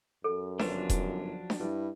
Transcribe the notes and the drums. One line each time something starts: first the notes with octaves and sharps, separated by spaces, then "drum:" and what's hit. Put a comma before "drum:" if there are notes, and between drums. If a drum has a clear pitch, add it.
F#2 A4
G1 F3 F#3 D4 B4, drum: snare D4
drum: kick E1, hi-hat
drum: snare D4
G2 E4